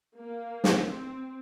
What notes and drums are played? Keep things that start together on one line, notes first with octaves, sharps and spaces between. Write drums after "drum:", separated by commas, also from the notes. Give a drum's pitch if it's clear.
A#3
drum: snare
C4